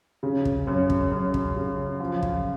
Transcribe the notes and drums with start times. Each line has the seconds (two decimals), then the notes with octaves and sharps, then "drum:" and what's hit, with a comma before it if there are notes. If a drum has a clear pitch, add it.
0.23 C#3
0.45 drum: kick
0.67 F#2
0.90 drum: kick
1.12 F#2
1.34 drum: kick
1.57 C#3
2.00 F3
2.22 drum: kick